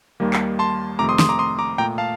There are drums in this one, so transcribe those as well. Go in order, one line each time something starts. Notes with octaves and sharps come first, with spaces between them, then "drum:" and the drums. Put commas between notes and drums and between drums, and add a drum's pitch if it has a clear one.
D#2 D#3 G3 A#3
drum: clap
A5 C6
F2 C3 D#3 A3 A#5 D6
C6 D#6
C6 D#6, drum: snare
A#5 D6
C6 D#6
A#5 D6
A#2 A3 G5 A#5
F5 A5